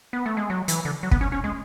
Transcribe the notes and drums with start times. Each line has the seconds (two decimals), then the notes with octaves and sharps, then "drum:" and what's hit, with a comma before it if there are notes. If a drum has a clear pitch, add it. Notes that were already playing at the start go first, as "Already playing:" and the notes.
0.13 B3
0.26 A3
0.37 G#3
0.50 F#3
0.68 E3, drum: hi-hat
0.85 D3
1.03 F#3
1.11 B3, drum: kick
1.21 C#4
1.32 C#4
1.44 G#3